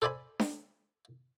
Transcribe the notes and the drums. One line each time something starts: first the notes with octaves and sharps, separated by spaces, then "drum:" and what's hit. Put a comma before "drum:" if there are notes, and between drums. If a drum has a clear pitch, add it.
A4 C5 D5 G#5 B5
drum: snare D4